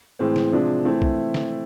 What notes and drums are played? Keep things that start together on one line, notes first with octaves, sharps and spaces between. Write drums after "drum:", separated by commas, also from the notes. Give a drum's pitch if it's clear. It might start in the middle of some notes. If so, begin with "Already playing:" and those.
A2 E3 G#3 C4
drum: snare
C3 F3 G#3 D4
E3 A3 C4 E4
drum: kick
drum: snare